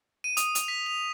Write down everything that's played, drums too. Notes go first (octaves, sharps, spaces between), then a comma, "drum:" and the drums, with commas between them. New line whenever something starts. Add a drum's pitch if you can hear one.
D#7
D#6, drum: hi-hat
F7, drum: hi-hat
B6
F7